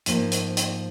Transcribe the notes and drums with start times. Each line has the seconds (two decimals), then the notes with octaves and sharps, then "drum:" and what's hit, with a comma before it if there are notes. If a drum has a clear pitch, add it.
0.06 G#2 F3 A#3, drum: hi-hat
0.32 drum: hi-hat
0.57 drum: hi-hat